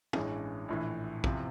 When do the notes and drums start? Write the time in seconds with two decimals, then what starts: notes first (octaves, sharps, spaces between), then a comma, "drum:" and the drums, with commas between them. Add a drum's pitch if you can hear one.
0.13 A1 G2 E3 G#3 C#4, drum: tom
0.68 A#1 A2 E3
1.24 E2 C3 F3, drum: kick